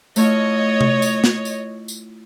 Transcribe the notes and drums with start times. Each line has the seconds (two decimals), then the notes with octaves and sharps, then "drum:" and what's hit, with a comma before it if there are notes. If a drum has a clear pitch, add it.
0.16 A3 E4 F4 C#5 D#5, drum: tambourine
0.81 drum: tom C3
1.02 drum: tambourine
1.24 drum: snare
1.45 drum: tambourine
1.88 drum: tambourine